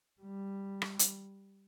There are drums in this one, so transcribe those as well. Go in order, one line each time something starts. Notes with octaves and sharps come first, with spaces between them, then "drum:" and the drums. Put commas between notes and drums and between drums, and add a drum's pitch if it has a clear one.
G3
drum: rim click
drum: hi-hat